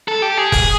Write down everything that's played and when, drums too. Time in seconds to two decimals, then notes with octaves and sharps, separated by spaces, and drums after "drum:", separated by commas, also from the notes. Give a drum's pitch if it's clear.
0.08 A4
0.22 G4
0.38 G#4
0.52 drum: kick F1, open hi-hat